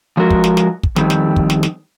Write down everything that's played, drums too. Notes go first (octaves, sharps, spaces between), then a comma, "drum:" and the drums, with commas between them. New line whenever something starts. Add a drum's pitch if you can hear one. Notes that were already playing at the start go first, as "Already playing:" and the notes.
F3 G#3 F#4 A#4
drum: kick
drum: snare
drum: snare
drum: kick
F2 D#3 G3 C4, drum: snare
drum: snare
drum: kick
drum: snare
drum: snare